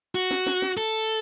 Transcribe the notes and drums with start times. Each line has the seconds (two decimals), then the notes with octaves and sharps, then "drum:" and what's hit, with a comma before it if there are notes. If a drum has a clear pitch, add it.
0.15 F#4
0.31 drum: snare
0.47 drum: snare
0.62 drum: snare
0.77 A4